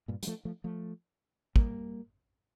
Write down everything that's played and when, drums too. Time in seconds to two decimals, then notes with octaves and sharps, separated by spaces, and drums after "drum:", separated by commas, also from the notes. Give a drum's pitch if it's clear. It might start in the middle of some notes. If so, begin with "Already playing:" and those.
0.08 G2 A#2
0.23 G3, drum: hi-hat
0.27 F3 A3
0.45 F3 A3
0.64 F3 A3
1.56 G3 A#3, drum: kick